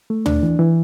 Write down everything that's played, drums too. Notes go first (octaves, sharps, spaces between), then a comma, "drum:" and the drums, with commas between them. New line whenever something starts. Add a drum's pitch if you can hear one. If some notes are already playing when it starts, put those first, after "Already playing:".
A3
D4, drum: tom
E3
E3